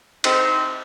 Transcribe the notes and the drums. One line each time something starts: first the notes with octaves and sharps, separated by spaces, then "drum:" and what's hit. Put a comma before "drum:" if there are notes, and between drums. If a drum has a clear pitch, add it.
C4 D#4, drum: cymbal